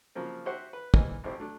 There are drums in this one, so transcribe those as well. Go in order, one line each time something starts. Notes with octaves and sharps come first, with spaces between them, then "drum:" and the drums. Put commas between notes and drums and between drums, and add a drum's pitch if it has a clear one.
C#3 F3 F#3 A#3 C4
F#4 G4 C5 E5 F#5
B4
E3 A#3 C4 D#4 G#5, drum: kick
A1 A3 C4 E4 G4
F#3 A3 D4